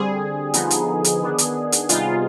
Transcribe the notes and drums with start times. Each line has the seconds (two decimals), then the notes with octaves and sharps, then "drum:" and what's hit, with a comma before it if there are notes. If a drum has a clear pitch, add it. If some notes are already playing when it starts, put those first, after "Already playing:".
Already playing: D3 G3 C4 G#4
0.54 D3 F3 B3 D#4, drum: hi-hat
0.70 drum: hi-hat
1.04 drum: hi-hat
1.21 D#3 B3 D4
1.38 drum: hi-hat
1.72 drum: hi-hat
1.89 C3 G3 B3 D#4 F4, drum: hi-hat